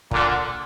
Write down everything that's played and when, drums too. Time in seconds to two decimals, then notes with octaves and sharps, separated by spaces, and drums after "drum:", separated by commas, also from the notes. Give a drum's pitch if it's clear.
0.11 A#2 D3, drum: kick